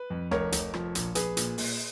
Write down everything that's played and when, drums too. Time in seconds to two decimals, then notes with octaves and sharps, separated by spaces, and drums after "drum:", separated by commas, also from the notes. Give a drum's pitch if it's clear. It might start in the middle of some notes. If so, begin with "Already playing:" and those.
Already playing: B4
0.10 F2
0.31 F1 A#4 C#5, drum: rim click
0.52 F1, drum: hi-hat
0.74 F3, drum: rim click
0.95 A#1, drum: hi-hat
1.15 A#1 G#4 B4, drum: hi-hat
1.37 A#2, drum: hi-hat
1.58 A#2, drum: open hi-hat